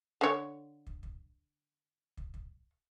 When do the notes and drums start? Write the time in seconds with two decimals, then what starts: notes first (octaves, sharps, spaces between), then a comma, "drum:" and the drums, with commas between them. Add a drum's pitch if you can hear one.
0.21 D3 C#5
0.87 drum: kick
1.03 drum: kick
2.17 drum: kick
2.34 drum: kick